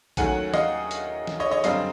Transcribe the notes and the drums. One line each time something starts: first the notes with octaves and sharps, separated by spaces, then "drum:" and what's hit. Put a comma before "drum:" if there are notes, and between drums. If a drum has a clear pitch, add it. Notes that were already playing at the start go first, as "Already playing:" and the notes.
D#2 D#3 F#3 A3 C#4 F#5 G#5, drum: kick A#1, hi-hat
D#5 F5, drum: snare
drum: hi-hat
drum: snare
C#5 D#5
C#5 D#5
F#2 D3 G3 C4 D#5 F5, drum: hi-hat